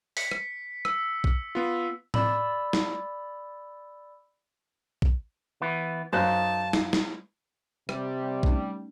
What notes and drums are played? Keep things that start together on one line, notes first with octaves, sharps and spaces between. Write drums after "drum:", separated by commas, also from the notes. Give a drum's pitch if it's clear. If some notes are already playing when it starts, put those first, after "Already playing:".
B6 C#7, drum: open hi-hat
drum: rim click
E6, drum: rim click
drum: kick
B3 F4
D5 B5 E6, drum: tom A2
drum: snare
drum: kick
E3 B3
F#2 D#4 C5 F5 A5 F#6
drum: snare
drum: snare
C3 G3, drum: rim click
A3 C#4 D#4, drum: kick